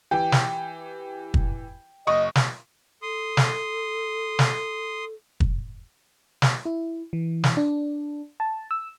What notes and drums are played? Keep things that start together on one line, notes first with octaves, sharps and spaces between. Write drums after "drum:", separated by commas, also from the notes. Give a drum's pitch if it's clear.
E3 G4 G5
drum: snare
drum: kick
F#1 D#5 C#6 D#6
drum: snare
A4 C6 D#6
drum: snare
drum: snare
drum: kick
drum: snare
E4
E3
drum: snare
D4
A5
E6